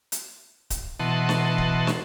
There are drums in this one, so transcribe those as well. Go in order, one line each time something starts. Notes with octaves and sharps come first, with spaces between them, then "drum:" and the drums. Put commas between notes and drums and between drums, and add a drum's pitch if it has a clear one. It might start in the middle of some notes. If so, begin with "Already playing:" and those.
drum: hi-hat
drum: kick D1, hi-hat
B2 E3 D#5 F#5 A5 C6
drum: snare
drum: kick D1
drum: snare